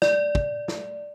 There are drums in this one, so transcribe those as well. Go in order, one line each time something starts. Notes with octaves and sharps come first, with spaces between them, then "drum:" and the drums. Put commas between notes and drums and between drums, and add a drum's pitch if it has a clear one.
D5, drum: snare
drum: kick
drum: snare